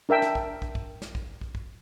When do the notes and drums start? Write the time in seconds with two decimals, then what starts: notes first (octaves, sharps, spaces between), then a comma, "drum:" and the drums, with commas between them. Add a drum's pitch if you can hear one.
0.09 D4 A#4 E5 G5
0.22 drum: snare
0.35 drum: kick
0.62 drum: kick
0.75 drum: kick
1.02 drum: snare
1.15 drum: kick
1.41 drum: kick
1.55 drum: kick